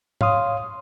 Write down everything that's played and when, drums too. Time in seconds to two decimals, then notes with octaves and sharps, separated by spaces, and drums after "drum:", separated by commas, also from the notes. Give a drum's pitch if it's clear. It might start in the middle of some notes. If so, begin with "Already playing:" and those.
0.21 C#5 F5 C6 D#6, drum: tom